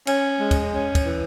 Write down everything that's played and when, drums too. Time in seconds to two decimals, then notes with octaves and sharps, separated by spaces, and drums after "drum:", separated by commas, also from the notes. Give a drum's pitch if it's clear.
0.07 C#4, drum: cymbal
0.40 G#3
0.51 drum: kick, cymbal
0.73 C#4
0.95 drum: kick, cymbal
1.06 E3